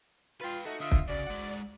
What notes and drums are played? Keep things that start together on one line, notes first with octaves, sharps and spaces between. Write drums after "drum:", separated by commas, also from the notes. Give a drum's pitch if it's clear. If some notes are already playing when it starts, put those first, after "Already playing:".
F4 B4 G5
A3 D#4 F#4
D3 F4 D#5 E5
drum: kick
C#3 F#4 D5
G#3 F#5